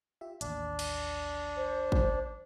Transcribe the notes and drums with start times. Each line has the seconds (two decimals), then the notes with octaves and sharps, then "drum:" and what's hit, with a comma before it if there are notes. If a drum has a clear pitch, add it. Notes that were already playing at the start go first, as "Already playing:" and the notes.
0.21 F4 G4 E5
0.41 A1 D#2 D4, drum: hi-hat
0.79 drum: cymbal
1.56 C5
1.92 drum: kick